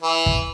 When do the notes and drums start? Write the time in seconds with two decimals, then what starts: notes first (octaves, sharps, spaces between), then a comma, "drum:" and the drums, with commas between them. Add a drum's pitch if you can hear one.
0.02 E3
0.26 drum: kick